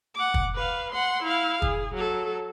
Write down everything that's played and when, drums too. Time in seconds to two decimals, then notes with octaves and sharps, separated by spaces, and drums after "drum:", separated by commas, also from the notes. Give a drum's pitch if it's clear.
0.15 F#5 D6
0.34 drum: kick
0.55 B4 F5
0.92 F#5 C6
1.23 E4 F5
1.62 G#4, drum: kick
1.94 F#3 A4